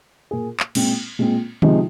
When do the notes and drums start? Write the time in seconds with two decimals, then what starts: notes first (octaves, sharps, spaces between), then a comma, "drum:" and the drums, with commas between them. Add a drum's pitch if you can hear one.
0.31 A#2 A#3 G#4
0.60 drum: clap
0.75 A#2 G#3 C4, drum: cymbal
1.19 A#2 G#3 C4
1.62 C3 F3 G#3 D#4, drum: tom D3